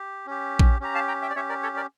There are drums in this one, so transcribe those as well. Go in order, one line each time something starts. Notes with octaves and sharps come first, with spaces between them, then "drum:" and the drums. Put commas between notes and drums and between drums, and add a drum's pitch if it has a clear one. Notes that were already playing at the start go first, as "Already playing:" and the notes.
Already playing: G4
C#4 G4
drum: kick A#1
C#4 G4 A#5
F5 A5
G5 A#5
E5 G5
D5
C#4 G4 C#5 E5
A#4 D5
A4 C#5
A#4 D5